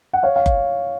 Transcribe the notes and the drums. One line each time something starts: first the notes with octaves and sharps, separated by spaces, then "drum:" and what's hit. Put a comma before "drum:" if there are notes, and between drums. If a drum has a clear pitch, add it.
F#5
C#5 F5
F5
drum: kick F#1